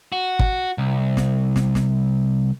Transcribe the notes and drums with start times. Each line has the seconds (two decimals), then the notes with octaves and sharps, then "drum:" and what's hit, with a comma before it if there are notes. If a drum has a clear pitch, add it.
0.12 F#4
0.39 drum: kick
0.78 C2
1.17 drum: snare
1.56 drum: snare
1.75 drum: snare